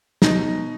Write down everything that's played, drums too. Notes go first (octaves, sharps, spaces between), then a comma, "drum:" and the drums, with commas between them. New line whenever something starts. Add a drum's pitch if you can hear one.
B2 D#4, drum: snare